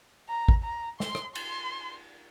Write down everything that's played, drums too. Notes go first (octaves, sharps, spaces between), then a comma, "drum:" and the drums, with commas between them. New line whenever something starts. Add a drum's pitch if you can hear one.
A#5
drum: kick
A#5
C6, drum: snare
drum: rim click
C6, drum: cymbal